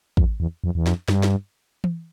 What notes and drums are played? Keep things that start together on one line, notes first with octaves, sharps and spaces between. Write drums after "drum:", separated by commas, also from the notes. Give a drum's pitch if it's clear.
F2, drum: kick
E2
F2
E2
F2, drum: snare
G2, drum: snare
drum: snare
drum: tom E3